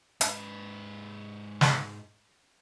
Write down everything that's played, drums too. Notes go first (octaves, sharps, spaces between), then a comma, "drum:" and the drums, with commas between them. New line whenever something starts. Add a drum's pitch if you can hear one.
G#2 B4, drum: hi-hat
drum: snare